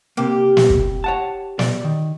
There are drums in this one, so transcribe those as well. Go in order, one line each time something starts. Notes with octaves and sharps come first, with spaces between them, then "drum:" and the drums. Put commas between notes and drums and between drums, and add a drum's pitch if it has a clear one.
C3 A#3 G4
drum: snare
drum: kick
C#5 F#5 A5
D5, drum: snare
D#3